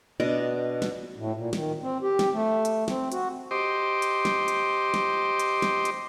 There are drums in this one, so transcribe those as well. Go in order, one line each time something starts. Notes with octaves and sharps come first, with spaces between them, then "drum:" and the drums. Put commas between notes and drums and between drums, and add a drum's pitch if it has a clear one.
B2 D4 D#5 D6
drum: snare
A2
A#2
D#3, drum: snare
C4
G4
drum: snare
A3
drum: hi-hat
C4, drum: snare
F#4, drum: hi-hat
G4 C5 D#5 C6 D6
drum: hi-hat
drum: snare
drum: hi-hat
drum: snare
drum: hi-hat
drum: snare
drum: hi-hat